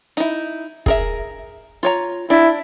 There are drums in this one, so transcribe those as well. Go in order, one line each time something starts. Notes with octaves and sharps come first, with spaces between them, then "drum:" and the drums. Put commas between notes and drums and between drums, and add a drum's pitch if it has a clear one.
D#4 E4, drum: hi-hat
G#4 A#4 E5, drum: kick
F4 C#5 A#5
D4 E4